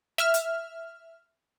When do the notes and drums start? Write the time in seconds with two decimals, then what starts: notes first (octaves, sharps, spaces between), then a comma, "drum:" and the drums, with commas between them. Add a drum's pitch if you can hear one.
0.18 E5 F6, drum: snare
0.34 drum: hi-hat